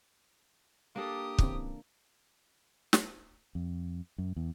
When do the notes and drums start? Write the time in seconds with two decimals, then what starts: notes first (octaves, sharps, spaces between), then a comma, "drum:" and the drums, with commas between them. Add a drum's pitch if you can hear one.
0.96 A#3 D4 G4 A4 D#6
1.38 C#3 E3 C4, drum: kick
2.93 drum: snare
3.55 F2
4.18 F#2
4.36 E2